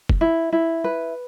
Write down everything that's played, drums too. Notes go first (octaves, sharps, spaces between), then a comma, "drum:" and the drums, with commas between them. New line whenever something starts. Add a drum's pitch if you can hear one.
drum: kick
E4
E4
B4